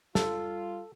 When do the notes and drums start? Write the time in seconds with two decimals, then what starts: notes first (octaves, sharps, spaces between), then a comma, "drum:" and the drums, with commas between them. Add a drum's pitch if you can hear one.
0.15 G3 F4 A4, drum: snare